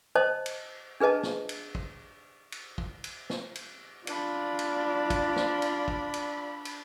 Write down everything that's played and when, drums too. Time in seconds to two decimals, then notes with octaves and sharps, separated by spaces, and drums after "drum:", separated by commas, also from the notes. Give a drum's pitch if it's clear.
0.15 C5 D#5 A5
0.46 drum: cymbal
1.00 D4 G#4 B4 D#5 A5
1.23 drum: snare
1.49 drum: cymbal
1.75 drum: kick
2.52 drum: cymbal
2.78 drum: kick
3.04 drum: cymbal
3.30 drum: snare
3.55 drum: cymbal
4.07 D4 F4 D5 B5, drum: cymbal
4.59 drum: cymbal
5.10 drum: kick, cymbal
5.36 drum: snare
5.62 drum: cymbal
5.88 drum: kick
6.14 drum: cymbal
6.65 drum: cymbal